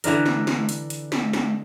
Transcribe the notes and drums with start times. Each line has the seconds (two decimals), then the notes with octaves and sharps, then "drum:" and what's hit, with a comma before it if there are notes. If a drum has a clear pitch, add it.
0.04 D3 E3 D4 A#4, drum: hi-hat
0.26 drum: snare
0.47 drum: snare
0.69 drum: hi-hat
0.90 drum: hi-hat
1.12 drum: snare
1.33 drum: snare